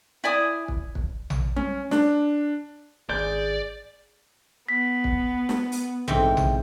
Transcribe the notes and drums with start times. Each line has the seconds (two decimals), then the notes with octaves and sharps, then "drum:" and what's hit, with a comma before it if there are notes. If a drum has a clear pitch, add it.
0.24 E4 D5 G#5 D#6
0.68 drum: kick
0.95 drum: kick
1.30 drum: tom A#1
1.56 C#4, drum: tom G3
1.91 D4, drum: snare
3.10 G#1 G#4 D5 G6
4.69 B3 B6
5.04 drum: kick
5.49 drum: snare
5.72 drum: open hi-hat
6.08 G#2 E3 C4 G5, drum: tom A#1
6.37 drum: tom A#1